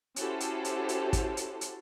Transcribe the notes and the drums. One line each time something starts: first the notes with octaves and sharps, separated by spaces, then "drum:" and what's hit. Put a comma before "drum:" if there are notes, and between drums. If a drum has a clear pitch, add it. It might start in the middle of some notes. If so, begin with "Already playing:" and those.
C#4 E4 F#4 G4 A4 C5, drum: hi-hat
drum: hi-hat
drum: hi-hat
drum: hi-hat
drum: kick, hi-hat
drum: hi-hat
drum: hi-hat